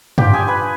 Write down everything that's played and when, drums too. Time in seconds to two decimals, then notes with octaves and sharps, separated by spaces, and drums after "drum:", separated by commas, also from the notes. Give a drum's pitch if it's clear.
0.18 G3 D4 F4 G4 G5, drum: tom F#2
0.33 G#4 G#5
0.48 B4 B5